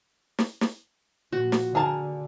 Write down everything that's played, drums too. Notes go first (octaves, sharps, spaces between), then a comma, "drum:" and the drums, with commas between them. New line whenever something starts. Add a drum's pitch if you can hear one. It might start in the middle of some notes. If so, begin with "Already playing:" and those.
drum: snare
drum: snare
A#2 F3 F#4
drum: snare
D3 G#4 A#4 A5